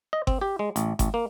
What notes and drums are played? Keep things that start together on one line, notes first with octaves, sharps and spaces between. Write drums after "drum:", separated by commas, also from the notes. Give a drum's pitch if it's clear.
D#5
C4, drum: kick G1
G4
G#3
A1, drum: hi-hat
A1, drum: kick G1, hi-hat
A#3